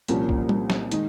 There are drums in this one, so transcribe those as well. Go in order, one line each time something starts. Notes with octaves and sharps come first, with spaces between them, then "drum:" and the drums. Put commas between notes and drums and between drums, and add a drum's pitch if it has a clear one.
C2 A#2 F3 A#3 C#4, drum: hi-hat
drum: kick
drum: tom
drum: snare
D#3 G#3 D#4, drum: hi-hat